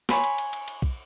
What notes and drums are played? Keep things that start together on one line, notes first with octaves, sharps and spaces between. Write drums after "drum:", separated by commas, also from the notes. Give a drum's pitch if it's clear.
C#5 G#5 B5 C6, drum: snare
drum: cymbal
drum: cymbal
drum: cymbal
drum: cymbal
drum: kick